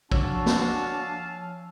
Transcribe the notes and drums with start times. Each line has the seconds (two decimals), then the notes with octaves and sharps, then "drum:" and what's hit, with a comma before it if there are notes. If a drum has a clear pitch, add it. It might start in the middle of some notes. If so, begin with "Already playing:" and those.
0.12 F3 D4 F#4 C#5 F5 G#5 A5 E6, drum: kick
0.46 drum: snare